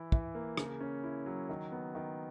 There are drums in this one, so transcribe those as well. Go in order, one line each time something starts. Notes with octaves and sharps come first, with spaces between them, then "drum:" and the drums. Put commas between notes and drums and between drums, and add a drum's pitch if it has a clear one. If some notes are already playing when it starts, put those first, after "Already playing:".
Already playing: E3 E4
E3, drum: kick
A#3
C#3, drum: rim click
C#4
E4
F#3
D#3
B3
D#3